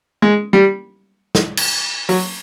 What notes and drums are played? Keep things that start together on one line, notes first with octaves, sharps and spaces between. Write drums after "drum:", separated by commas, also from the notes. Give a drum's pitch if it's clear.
G#3
G3
drum: snare
drum: cymbal
F#3, drum: open hi-hat